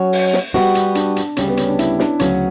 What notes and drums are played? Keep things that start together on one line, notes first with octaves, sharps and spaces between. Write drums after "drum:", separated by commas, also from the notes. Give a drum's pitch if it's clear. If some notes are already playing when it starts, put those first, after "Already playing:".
Already playing: F#3 C#4 F#4 C#5
drum: open hi-hat
drum: snare
G3 B3 F#4, drum: snare
drum: hi-hat
D4, drum: hi-hat
drum: hi-hat
D2 C#3 G3 C#4, drum: hi-hat
B3
C#4, drum: hi-hat
D4
E4, drum: hi-hat
D4, drum: snare
D2 C#3 F#3 B3 C#4, drum: hi-hat